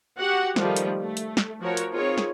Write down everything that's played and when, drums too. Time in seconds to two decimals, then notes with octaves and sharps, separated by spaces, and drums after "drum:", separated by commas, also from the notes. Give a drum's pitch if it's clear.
0.18 F#4 G4 F#5
0.56 D#3 F3 G3 A3, drum: snare
0.76 drum: hi-hat
1.01 A3
1.17 drum: hi-hat
1.37 drum: snare
1.61 F3 F#4 A#4 C#5
1.77 drum: hi-hat
1.93 C4 D#4 F4 G#4 A#4 C#5
2.18 drum: snare